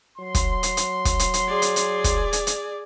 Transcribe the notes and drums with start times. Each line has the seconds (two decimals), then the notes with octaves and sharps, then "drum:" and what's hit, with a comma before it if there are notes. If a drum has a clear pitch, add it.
0.18 F#3 C6
0.35 drum: kick, hi-hat
0.63 drum: hi-hat
0.77 drum: hi-hat
1.05 drum: kick, hi-hat
1.19 drum: hi-hat
1.34 drum: hi-hat
1.48 G#4 D5
1.62 drum: hi-hat
1.76 drum: hi-hat
2.04 drum: kick, hi-hat
2.33 drum: hi-hat
2.47 drum: hi-hat